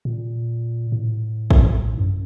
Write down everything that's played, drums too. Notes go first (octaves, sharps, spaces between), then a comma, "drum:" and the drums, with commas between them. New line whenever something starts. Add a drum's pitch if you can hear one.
A#2
A2
drum: kick
F#2